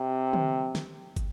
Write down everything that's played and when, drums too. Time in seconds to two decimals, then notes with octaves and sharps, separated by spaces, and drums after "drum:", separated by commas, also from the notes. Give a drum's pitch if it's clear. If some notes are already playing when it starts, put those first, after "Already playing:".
Already playing: C3
0.33 drum: tom D3
0.75 drum: snare
1.16 drum: kick, hi-hat